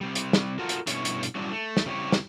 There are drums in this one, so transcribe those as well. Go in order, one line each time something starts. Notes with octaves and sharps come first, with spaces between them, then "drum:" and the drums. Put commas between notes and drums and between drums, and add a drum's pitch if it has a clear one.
C3 G3
drum: hi-hat
drum: snare
F4 F#4 A4 A#4
drum: hi-hat
G2 B2 C#4 E4 C#5, drum: hi-hat
drum: hi-hat
drum: hi-hat
F#3 G3 C#4 D4 E4
A3
drum: snare
C#3 G3 C4 E4 G4 C#5
drum: snare